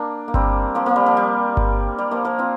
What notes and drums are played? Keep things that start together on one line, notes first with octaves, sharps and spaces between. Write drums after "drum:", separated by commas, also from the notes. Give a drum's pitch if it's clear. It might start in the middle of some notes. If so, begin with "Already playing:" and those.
Already playing: A#3 D4
A#3
G3 C4, drum: kick G1
F3 A#3
F3 A#3
G3
F3
G3
drum: kick G1
G3
F3 A#3
F3 A#3
C4 F4